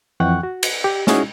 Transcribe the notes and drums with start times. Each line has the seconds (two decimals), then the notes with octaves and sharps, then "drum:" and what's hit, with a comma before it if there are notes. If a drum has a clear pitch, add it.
0.20 F2 E3 F#5 G5 C#6 F#6
0.43 F#4
0.63 drum: cymbal
0.84 G4
1.07 C#4 D#4 E4 F#4 G#4, drum: snare